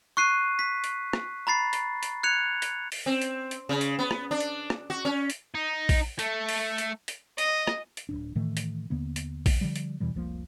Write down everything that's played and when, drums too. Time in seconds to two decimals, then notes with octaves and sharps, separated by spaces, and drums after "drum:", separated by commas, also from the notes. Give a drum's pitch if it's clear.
0.17 C#6 F#6 C7 D#7
0.59 B6
0.84 drum: hi-hat
1.13 drum: rim click
1.47 A#5 B5 A6 C7
1.73 drum: hi-hat
2.03 drum: hi-hat
2.23 F#6 G#6 C#7 F7
2.62 drum: hi-hat
2.92 drum: open hi-hat
3.06 C4
3.22 drum: hi-hat
3.51 drum: hi-hat
3.69 C#3
3.81 drum: hi-hat
3.99 B3
4.11 drum: rim click
4.31 D4
4.40 drum: hi-hat
4.70 drum: rim click
4.90 F#4
5.05 C#4
5.30 drum: hi-hat
5.54 D#4
5.89 drum: kick A#1, open hi-hat
6.19 A3, drum: hi-hat
6.49 drum: open hi-hat
6.78 drum: hi-hat
7.08 drum: hi-hat
7.38 D#5, drum: hi-hat
7.67 drum: rim click
7.97 drum: hi-hat
8.09 D1 G#1 D4
8.35 A2 D#3 E3 A3
8.57 drum: hi-hat
8.90 D#2 D3 A#3 B3
9.16 drum: hi-hat
9.46 drum: kick A#1, open hi-hat
9.61 D3 F3 G3
9.76 drum: hi-hat
10.00 E2 B2 E3 G3
10.14 F1 C2 F3 A#3